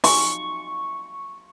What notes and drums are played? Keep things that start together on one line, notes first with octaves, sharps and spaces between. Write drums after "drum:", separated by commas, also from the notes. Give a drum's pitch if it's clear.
C#6, drum: open hi-hat